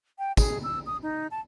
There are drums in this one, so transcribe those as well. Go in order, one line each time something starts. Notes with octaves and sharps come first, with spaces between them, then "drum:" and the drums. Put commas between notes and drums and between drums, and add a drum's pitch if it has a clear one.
G5
G#4, drum: kick, tambourine
E6
D#6
D#4
A5